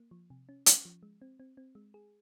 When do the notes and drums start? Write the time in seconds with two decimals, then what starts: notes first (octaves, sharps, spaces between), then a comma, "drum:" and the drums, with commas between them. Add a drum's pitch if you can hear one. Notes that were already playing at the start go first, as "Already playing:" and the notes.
Already playing: A#3
0.11 F3
0.30 C3
0.49 C#4
0.66 C#4, drum: hi-hat
0.85 F3
1.03 G#3
1.22 C4
1.40 C4
1.57 C4
1.75 G#3
1.94 G#4